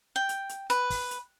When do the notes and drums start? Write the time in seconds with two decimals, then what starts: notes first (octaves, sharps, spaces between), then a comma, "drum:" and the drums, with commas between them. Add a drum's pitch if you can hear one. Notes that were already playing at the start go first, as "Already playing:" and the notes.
0.16 G5
0.29 drum: hi-hat
0.49 drum: hi-hat
0.70 B4, drum: hi-hat
0.90 drum: kick, open hi-hat
1.11 drum: hi-hat